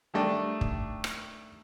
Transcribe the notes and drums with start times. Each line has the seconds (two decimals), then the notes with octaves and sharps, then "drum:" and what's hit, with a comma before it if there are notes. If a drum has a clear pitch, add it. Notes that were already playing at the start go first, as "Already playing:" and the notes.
0.14 D#3 G3 A3 D4
0.61 drum: kick
1.04 drum: rim click